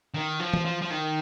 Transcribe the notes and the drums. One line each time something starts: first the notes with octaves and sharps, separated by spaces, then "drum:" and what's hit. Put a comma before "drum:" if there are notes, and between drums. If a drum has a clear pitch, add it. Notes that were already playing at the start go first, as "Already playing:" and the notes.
D#3
F3
drum: tom E3
F3
F3
D#3